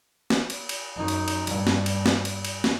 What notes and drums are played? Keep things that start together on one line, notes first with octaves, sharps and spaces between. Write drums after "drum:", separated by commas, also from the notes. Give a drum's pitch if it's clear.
drum: snare
drum: cymbal
drum: cymbal
F#2 D#4
drum: cymbal
drum: cymbal
G2, drum: cymbal
drum: snare
drum: cymbal
drum: snare
drum: cymbal
drum: cymbal
drum: snare